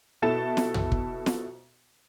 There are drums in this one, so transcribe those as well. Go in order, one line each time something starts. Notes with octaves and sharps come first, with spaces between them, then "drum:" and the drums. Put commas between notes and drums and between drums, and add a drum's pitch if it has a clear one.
B2 E4 A4 A5 A6 E7
drum: snare
drum: tom
drum: kick
drum: snare